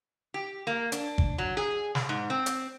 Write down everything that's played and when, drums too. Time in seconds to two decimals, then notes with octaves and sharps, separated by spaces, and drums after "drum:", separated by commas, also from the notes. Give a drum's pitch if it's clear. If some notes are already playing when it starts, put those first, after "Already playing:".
0.34 G4
0.67 A#3
0.92 D4, drum: hi-hat
1.18 drum: kick
1.38 F#3
1.57 G#4
1.95 drum: snare
2.09 G#2
2.30 C4
2.46 drum: hi-hat